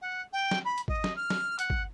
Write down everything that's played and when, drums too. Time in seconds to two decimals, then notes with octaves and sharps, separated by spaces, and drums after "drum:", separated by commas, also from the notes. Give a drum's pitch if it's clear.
0.01 F#5
0.32 G5
0.51 drum: snare
0.65 B5
0.78 drum: hi-hat
0.88 D#5, drum: kick
1.04 drum: snare
1.16 F6
1.30 drum: snare
1.59 F#5, drum: hi-hat
1.70 drum: kick